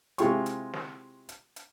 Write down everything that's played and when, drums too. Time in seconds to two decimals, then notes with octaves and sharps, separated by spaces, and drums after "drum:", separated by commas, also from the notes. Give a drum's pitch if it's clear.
0.18 C3 G#3 E4 F4 G5 C#6, drum: hi-hat
0.46 drum: hi-hat
0.73 drum: snare
1.29 drum: hi-hat
1.56 drum: hi-hat